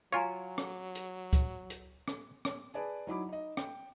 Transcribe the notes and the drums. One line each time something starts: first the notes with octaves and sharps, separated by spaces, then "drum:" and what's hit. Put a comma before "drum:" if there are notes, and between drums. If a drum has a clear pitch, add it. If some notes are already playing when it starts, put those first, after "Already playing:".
F#3 F4 C#5 F5 G#5 A#5
drum: rim click
drum: hi-hat
drum: kick C#2, hi-hat
drum: hi-hat
drum: rim click
drum: rim click
G#4 B4 D5 G#5 A5
F#3 D#4 E4 B5 D6
D#4 D#5
G5, drum: rim click